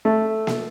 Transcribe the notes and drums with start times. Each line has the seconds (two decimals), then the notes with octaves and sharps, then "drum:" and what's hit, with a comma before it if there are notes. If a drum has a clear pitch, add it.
0.05 A3
0.47 drum: snare A#3